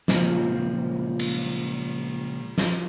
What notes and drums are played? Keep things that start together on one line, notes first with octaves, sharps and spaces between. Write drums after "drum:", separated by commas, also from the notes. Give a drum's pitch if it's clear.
C#2 A#2 F3 C4, drum: snare
drum: cymbal
drum: snare